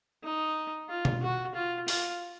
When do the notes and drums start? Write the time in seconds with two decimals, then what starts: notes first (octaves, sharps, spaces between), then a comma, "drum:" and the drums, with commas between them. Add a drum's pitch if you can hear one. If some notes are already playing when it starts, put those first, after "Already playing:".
0.24 D#4
0.89 F4
1.05 drum: tom B2
1.22 F#4
1.55 F4
1.88 F4, drum: open hi-hat